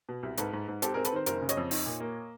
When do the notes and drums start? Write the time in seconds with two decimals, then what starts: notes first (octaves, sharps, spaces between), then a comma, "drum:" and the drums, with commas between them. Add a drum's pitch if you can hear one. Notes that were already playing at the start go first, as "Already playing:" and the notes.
0.09 B2
0.23 C2
0.37 G#2 A4 B4, drum: hi-hat
0.53 G#2
0.68 G#2
0.82 C4 G4 A4, drum: hi-hat
0.94 G#4 A#4
0.97 C4
1.05 A4 B4, drum: hi-hat
1.13 D#3 A#4 C5
1.26 F#1 A#4 C5, drum: hi-hat
1.41 C#3
1.49 C#5 D#5, drum: hi-hat
1.57 F2
1.71 D#4, drum: open hi-hat
1.85 A#2
2.00 A#3